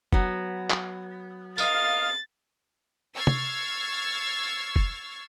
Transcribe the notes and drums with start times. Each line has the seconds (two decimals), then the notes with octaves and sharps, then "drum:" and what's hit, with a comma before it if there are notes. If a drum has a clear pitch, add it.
0.13 F#3 B3, drum: kick F1
0.70 drum: clap
1.58 A#4 D#5 F5 A6, drum: tambourine
3.14 C#6 E6 F6 G#6 A6 C7
3.27 drum: tom
4.76 drum: kick F1